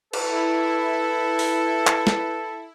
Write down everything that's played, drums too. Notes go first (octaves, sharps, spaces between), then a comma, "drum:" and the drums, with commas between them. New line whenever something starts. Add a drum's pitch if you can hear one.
E4 A4 B4, drum: cymbal
drum: open hi-hat
drum: clap
drum: snare